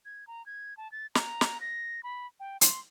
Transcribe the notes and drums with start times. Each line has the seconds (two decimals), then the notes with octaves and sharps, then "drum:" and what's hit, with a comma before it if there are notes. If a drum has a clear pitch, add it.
0.05 G#6
0.27 A#5
0.46 G#6
0.77 A5
0.92 A6
1.15 A#5, drum: snare
1.41 drum: snare
1.61 A#6
2.03 B5
2.40 G5
2.61 C6, drum: hi-hat